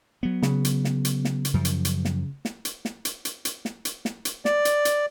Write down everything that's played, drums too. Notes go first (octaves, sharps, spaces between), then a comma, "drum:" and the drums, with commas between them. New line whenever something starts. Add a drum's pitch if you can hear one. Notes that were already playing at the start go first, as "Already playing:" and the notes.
F#3 B3
C#3, drum: snare
drum: hi-hat
drum: snare
drum: hi-hat
drum: snare
drum: hi-hat
F#2 F3
drum: hi-hat
drum: hi-hat
drum: snare
drum: snare
drum: hi-hat
drum: snare
drum: hi-hat
drum: hi-hat
drum: hi-hat
drum: snare
drum: hi-hat
drum: snare
drum: hi-hat
D5, drum: snare
drum: hi-hat
drum: hi-hat